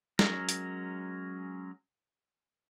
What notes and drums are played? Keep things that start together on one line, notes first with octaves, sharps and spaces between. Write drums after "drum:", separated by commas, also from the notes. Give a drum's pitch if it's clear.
F#3 G#3 C#4 A#4, drum: snare
drum: hi-hat